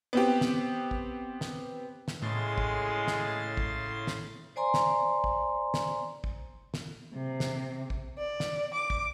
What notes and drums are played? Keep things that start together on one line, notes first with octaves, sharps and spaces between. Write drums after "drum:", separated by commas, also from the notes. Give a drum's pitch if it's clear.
B3 C4 G4
drum: snare
drum: kick A1
drum: snare
drum: snare
A2 C#3 G#3 C6 A6
drum: kick A1
drum: snare
drum: kick A1
drum: snare
C5 D5 G#5 A#5 C6
drum: snare
drum: kick A1
drum: snare
drum: kick A1
drum: snare
C3
drum: snare
drum: kick A1
D5
drum: snare
D6
drum: kick A1